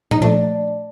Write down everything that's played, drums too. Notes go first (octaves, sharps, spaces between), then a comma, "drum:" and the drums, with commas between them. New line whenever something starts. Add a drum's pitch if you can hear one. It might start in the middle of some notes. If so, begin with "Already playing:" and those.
D#4, drum: tom A2
A#2 F3 A3 D4